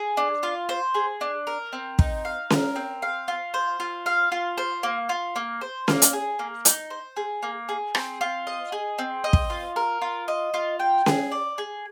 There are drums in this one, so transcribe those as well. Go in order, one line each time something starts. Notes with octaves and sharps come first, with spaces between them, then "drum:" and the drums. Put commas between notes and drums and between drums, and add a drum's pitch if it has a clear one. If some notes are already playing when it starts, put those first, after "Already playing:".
Already playing: G#4
D4
F4
C5
G#4
D4
A#4
C4
D#4, drum: kick
F5
A#4, drum: snare C#4
C4
F5
F4
C5
F4
F5
F4
C5
A#3
F4
A#3
C5
A#3, drum: snare C#4
drum: hi-hat
G#4
A#3
D#4, drum: hi-hat
C5
G#4
A#3
G#4
C4, drum: rim click
F4
D#5
G#4
C4
D#5
drum: kick
F4
A#4
F4
D#5
F4
G5
G#4, drum: snare C#4
D5
G#4